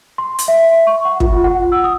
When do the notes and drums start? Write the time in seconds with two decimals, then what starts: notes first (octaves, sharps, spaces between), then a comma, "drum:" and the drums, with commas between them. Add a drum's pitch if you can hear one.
0.18 C6
0.39 drum: hi-hat
0.48 E5
0.87 C#6
1.05 F#5
1.20 F4, drum: kick
1.44 F#5
1.72 E6
1.84 D#6